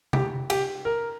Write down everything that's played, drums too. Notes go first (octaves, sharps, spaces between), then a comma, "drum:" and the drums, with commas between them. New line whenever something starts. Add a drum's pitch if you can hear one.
G4, drum: tom C3
G4, drum: cymbal
A#4